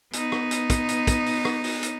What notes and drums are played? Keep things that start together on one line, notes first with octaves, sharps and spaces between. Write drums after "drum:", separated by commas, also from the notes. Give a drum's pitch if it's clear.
B3 D#4, drum: hi-hat
drum: rim click
drum: hi-hat
drum: kick, hi-hat
drum: hi-hat
drum: kick, hi-hat
drum: open hi-hat
drum: rim click
drum: open hi-hat
drum: hi-hat